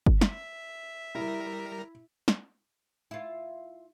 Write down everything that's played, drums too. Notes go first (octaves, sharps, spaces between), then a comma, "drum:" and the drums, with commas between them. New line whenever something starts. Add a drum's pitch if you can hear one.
drum: kick G1
E5, drum: snare
G3 E4 A#4 A#5
drum: snare
E4 F4